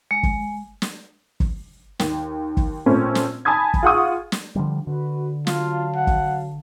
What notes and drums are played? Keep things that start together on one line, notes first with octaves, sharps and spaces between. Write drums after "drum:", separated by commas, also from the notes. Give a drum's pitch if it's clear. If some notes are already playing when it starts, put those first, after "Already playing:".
G#3
drum: kick
drum: snare
drum: kick
D#2, drum: snare
drum: kick
A#2 A3 C4 C#4
drum: snare
G#5 A5 B5 D#6 G#6
drum: kick
F4 G#4 F#5 C#6 D#6
drum: snare
D3 F3 G3
D3 F#4 B4
F#3 F4 F5 A5, drum: snare
F#5
drum: kick